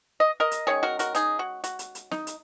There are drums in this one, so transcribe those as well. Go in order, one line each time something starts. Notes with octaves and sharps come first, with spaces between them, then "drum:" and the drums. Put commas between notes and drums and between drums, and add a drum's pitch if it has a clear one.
D#5
A#4 D#5
drum: hi-hat
D#3 G#3 C#4 G#4 C#5
F#4 A#4
F#4 A#4, drum: hi-hat
D#4 G#4, drum: hi-hat
F#4
F#4, drum: hi-hat
drum: hi-hat
drum: hi-hat
D#4, drum: snare
drum: hi-hat